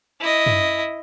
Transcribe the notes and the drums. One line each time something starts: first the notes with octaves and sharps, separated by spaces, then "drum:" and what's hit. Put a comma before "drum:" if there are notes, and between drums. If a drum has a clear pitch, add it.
E4 D#5
drum: tom F#2